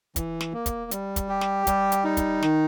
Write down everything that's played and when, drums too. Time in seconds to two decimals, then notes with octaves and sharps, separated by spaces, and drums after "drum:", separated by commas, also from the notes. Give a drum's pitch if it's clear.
0.16 E3, drum: kick, hi-hat
0.41 drum: snare
0.53 A#3
0.66 drum: kick, hi-hat
0.91 G3, drum: hi-hat
1.16 drum: kick, hi-hat
1.29 G4
1.41 drum: snare
1.67 G3, drum: kick, hi-hat
1.92 drum: hi-hat
2.04 D#4
2.17 drum: kick, hi-hat
2.43 D#3, drum: snare